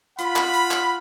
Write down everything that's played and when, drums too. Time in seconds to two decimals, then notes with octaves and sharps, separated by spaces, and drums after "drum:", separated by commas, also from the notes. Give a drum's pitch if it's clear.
0.18 F4 F5 F#5 B5, drum: hi-hat
0.36 drum: clap
0.53 drum: hi-hat
0.71 drum: clap